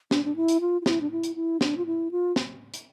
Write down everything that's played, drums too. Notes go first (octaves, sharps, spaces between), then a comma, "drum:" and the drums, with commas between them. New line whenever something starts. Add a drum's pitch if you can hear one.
D4, drum: snare
D4
E4
drum: hi-hat
F4
F4
E4, drum: snare
D4
E4
drum: hi-hat
E4
D4, drum: snare
F4
E4
F4
drum: snare
drum: hi-hat